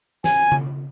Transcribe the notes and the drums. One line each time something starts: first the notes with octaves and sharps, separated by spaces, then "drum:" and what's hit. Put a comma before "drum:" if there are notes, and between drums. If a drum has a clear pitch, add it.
G#5, drum: snare
drum: tom C#3